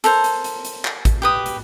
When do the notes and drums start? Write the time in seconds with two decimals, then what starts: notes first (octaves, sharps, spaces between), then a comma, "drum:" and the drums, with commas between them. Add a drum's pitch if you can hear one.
0.04 A4 A#4 C5, drum: hi-hat
0.24 drum: hi-hat
0.44 drum: hi-hat
0.65 drum: hi-hat
0.85 drum: clap
1.05 drum: kick A1, hi-hat
1.22 G4 B4 D#6
1.46 drum: hi-hat